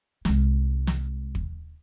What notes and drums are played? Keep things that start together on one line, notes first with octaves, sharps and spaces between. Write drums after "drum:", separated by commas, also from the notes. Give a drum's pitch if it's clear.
C2 G#3, drum: snare
drum: snare
drum: kick